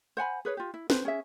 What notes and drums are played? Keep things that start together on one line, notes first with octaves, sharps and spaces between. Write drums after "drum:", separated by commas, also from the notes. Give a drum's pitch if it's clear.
C5 F#5 G#5 B5
G#4 B4 C#5
F4 G4
E4
B4 C5, drum: snare
C#4 G#4 E5